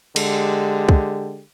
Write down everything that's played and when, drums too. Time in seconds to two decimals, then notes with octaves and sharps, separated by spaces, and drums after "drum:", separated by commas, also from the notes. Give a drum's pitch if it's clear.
0.16 D3 G#3 G4, drum: cymbal
0.89 drum: kick